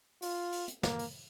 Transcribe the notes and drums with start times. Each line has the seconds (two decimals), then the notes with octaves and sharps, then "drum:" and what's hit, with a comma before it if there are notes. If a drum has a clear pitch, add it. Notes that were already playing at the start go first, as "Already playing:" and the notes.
0.22 F4, drum: open hi-hat
0.52 drum: open hi-hat
0.68 drum: hi-hat
0.83 A#3, drum: snare
0.99 drum: open hi-hat